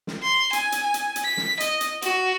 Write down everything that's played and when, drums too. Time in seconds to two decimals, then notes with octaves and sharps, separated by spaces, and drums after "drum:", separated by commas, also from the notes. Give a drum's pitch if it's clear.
0.07 drum: snare
0.23 C6
0.53 G#5, drum: hi-hat
0.72 drum: hi-hat
0.83 G#5
0.94 drum: hi-hat
1.16 drum: hi-hat
1.25 B6
1.37 drum: snare
1.60 D#5, drum: hi-hat
1.81 drum: hi-hat
2.02 F#4, drum: hi-hat